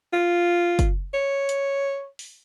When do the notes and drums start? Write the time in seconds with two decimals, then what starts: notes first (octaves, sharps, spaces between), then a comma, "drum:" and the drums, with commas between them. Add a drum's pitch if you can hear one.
0.13 F4
0.79 drum: kick, hi-hat
1.14 C#5
1.49 drum: hi-hat
2.19 drum: open hi-hat